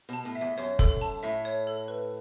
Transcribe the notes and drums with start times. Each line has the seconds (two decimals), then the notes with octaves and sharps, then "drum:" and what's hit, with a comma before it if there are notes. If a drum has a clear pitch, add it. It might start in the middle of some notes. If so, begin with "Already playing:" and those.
0.09 B2 A5
0.25 A2
0.35 E5
0.41 E2
0.58 F#2 C#5
0.79 A4, drum: kick F1
1.01 A5
1.23 A2 E5
1.45 C#5
1.67 A4
1.88 B4